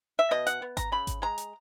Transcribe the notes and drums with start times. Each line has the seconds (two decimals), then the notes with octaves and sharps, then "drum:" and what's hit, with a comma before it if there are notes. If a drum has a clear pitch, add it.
0.19 E5
0.31 B2 D#5
0.47 F#5, drum: hi-hat
0.62 B3
0.77 A#5, drum: kick G#1, hi-hat
0.92 C#3 B5
1.07 drum: kick G#1, hi-hat
1.22 G#3 A#5
1.38 drum: hi-hat